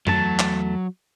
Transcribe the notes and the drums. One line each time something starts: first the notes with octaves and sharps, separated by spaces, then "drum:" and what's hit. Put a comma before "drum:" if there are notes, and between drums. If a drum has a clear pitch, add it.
E2 F#3 A3 A5, drum: tom
drum: clap